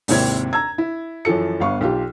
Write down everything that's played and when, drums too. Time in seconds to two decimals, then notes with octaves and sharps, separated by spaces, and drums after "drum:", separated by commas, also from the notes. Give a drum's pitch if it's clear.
0.08 G#1 D#2 C3 C4 E4 G#6, drum: open hi-hat
0.53 A#5 E6 G#6
0.78 E4
1.25 F#2 E3 F3 A4 C#7
1.60 G1 B3 F5 C#6
1.81 B1 F4 G4